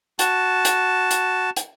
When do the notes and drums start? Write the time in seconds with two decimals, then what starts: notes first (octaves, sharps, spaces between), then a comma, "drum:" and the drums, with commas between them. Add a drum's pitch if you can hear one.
0.19 F#4 A5, drum: hi-hat
0.65 drum: hi-hat
1.11 drum: hi-hat
1.56 drum: hi-hat